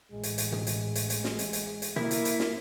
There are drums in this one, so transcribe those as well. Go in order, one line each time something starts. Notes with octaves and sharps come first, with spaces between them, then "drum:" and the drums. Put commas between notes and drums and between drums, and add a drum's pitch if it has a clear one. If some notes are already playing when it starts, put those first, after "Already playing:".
A1 G#3
drum: hi-hat
drum: hi-hat
drum: tom
drum: hi-hat
drum: hi-hat
drum: hi-hat
drum: snare
drum: hi-hat
drum: hi-hat
drum: hi-hat
A#3 E4, drum: tom
drum: hi-hat
drum: hi-hat
drum: snare